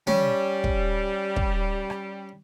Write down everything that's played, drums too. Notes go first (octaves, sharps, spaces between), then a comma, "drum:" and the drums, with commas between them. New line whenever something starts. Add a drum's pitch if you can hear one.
G3 C#4, drum: tom
drum: kick
drum: kick
drum: rim click